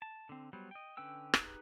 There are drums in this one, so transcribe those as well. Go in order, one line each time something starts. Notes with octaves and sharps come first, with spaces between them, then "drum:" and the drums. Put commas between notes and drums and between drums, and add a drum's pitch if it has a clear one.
A5
D3 C4
F#3 G3 B3 C5
D#5 G5
D3 C#4 B4 G5 E6
D#4 G4 G#4 B4, drum: rim click